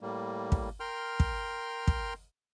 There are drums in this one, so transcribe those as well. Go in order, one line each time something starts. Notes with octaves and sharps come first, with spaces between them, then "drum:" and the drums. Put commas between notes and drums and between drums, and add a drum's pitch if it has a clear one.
A2 G3 A#3
drum: kick
A#4 G5 C6 F6
drum: kick
drum: kick